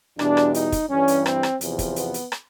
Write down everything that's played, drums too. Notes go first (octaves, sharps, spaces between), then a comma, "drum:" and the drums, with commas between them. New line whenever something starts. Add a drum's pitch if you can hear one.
E2 B2 G3 D4, drum: rim click
drum: rim click
D#4, drum: hi-hat
drum: kick, hi-hat
G2 E3 G3 C#4
drum: hi-hat
C4, drum: rim click
drum: rim click
E2 C3 F3, drum: hi-hat
drum: kick, hi-hat
B3, drum: hi-hat
drum: hi-hat
drum: rim click